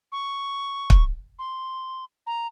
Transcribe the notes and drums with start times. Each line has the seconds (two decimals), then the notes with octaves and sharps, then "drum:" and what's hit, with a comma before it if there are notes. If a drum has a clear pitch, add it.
0.12 C#6
0.90 drum: kick
1.39 C6
2.27 A#5